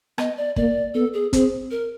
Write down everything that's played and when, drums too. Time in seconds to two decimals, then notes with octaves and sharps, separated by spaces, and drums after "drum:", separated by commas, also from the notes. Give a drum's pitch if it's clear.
0.18 B3 D#5, drum: rim click
0.37 D5
0.56 A#3 D5, drum: kick
0.94 B3 A4
1.14 G#4
1.33 C4 G#4, drum: kick, hi-hat
1.71 A#4